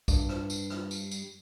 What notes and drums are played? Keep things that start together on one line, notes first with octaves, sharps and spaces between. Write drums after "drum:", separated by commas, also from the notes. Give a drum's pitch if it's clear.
G2, drum: kick, tambourine
drum: rim click
drum: tambourine
drum: rim click
drum: tambourine
drum: tambourine